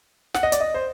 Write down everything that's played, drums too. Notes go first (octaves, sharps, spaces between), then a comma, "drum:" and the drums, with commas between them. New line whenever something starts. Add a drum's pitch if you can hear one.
F#5, drum: snare
D#5
D5, drum: hi-hat
D#5
C5